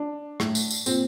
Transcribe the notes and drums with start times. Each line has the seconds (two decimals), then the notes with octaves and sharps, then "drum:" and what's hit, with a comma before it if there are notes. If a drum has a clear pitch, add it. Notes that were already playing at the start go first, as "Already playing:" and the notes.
Already playing: D4
0.40 A2, drum: rim click
0.55 drum: tambourine
0.71 drum: tambourine
0.86 A#2 C4, drum: tambourine